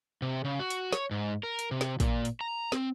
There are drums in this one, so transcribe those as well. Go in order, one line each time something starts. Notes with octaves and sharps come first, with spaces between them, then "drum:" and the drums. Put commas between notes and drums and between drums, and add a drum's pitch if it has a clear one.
C3
C#3
F#4
drum: hi-hat
C#5, drum: snare
G#2
A#4
drum: hi-hat
C3
drum: snare
A#2, drum: kick, hi-hat
drum: hi-hat
A#5
C4, drum: snare